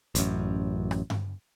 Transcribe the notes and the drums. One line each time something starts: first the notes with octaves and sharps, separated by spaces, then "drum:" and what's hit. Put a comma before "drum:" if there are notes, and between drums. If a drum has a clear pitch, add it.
A1 F#2, drum: hi-hat
drum: rim click
drum: tom G2